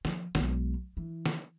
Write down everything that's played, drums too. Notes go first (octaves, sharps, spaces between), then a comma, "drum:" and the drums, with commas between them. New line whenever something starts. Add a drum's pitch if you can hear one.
F3, drum: snare
B1 G#3, drum: snare
E3
drum: snare